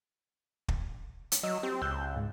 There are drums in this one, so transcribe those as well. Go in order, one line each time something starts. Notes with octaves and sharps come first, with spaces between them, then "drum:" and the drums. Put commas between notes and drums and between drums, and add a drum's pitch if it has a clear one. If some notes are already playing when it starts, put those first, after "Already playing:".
drum: kick
drum: hi-hat
F#3 D#5 E6
C4 G4
C#2 E6 F#6 G6
G#2